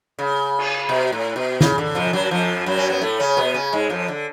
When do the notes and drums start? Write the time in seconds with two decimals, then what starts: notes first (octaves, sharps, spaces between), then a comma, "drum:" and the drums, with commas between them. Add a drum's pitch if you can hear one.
0.19 C#3
0.59 drum: cymbal
0.89 B2
1.12 A2
1.36 B2
1.61 C#3, drum: snare
1.78 D3
1.95 F2 F3
2.13 F#2 F#3
2.31 F2 F3
2.66 F#2 F#3
2.78 C#4
2.90 B3
3.01 A2 A3
3.20 C#3 C#4
3.37 B2 B3
3.54 C#3 C#4
3.73 G#2 G#3
3.89 F2 F3
4.08 D3